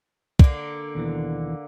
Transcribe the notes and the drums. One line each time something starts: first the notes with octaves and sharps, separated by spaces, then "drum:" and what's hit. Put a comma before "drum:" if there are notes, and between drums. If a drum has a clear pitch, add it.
D3 A#3, drum: kick
D#2 B2 E3